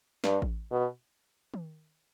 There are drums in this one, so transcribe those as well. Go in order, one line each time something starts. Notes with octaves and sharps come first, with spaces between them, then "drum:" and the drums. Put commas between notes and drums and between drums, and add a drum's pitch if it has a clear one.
G2, drum: snare
drum: kick A1
B2
drum: tom D#3